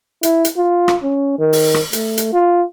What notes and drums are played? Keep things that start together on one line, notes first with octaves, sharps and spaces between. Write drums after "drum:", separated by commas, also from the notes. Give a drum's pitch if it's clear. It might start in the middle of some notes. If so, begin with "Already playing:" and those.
E4, drum: hi-hat
drum: hi-hat
F4
drum: rim click
C#4
D#3
drum: open hi-hat
drum: rim click
A3, drum: hi-hat
drum: hi-hat
F4